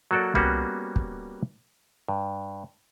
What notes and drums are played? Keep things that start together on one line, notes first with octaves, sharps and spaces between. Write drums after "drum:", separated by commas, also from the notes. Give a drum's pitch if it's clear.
F#3 A#3 F#4 A4 D5
G3 A#3 B3 C#4 F#4 G#4, drum: tom C2
drum: kick
G2